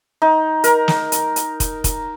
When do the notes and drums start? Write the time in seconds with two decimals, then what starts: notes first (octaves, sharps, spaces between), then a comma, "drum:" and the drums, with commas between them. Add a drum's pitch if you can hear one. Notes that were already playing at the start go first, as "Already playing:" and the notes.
0.22 D#4
0.64 A#4, drum: hi-hat
0.88 drum: snare
1.12 drum: hi-hat
1.36 drum: hi-hat
1.60 drum: kick, hi-hat
1.84 drum: kick, hi-hat